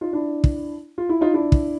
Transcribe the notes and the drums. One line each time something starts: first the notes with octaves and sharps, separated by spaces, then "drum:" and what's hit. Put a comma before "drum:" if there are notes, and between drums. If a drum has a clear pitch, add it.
D#4 F4
D4 E4
drum: kick
F4
E4
D#4 F4
D4 E4
drum: kick